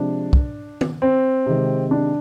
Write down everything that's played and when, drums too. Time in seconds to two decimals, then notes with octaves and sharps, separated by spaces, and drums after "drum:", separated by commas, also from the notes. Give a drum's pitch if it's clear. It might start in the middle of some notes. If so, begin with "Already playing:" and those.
Already playing: C3 F3 G#3 D4
0.33 drum: kick
0.81 drum: tom
1.02 C4
1.46 C3 D#3 G#3
1.91 D4